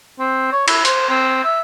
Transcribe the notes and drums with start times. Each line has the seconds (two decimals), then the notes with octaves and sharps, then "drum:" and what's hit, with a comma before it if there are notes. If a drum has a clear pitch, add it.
0.19 C4
0.52 C#5
0.68 E4, drum: cymbal
0.85 C5, drum: hi-hat
1.09 C4
1.44 E5